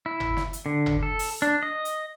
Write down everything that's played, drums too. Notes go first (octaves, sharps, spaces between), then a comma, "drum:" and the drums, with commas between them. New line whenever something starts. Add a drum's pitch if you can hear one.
E4
drum: tom G1
drum: snare
drum: hi-hat
D3
drum: tom G1
A4
drum: open hi-hat
D4
D#5
drum: hi-hat